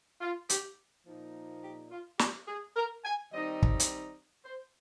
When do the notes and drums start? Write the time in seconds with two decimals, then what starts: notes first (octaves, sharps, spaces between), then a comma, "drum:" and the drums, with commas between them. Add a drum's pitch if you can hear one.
0.21 F4
0.49 G4, drum: hi-hat
1.06 A#2 F3 A#3 D#4
1.62 G4
1.91 F4
2.19 G4, drum: snare
2.47 G#4
2.76 A#4
3.04 G#5
3.32 D#3 G3 C4 D#4 D#5
3.62 drum: kick
3.80 drum: hi-hat
4.45 C5